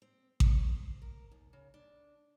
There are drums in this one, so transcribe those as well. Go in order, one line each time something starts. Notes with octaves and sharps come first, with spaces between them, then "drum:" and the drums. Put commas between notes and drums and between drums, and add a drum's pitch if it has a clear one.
C4
C#5, drum: kick A1
C5
A#4
D#2
C#3
D4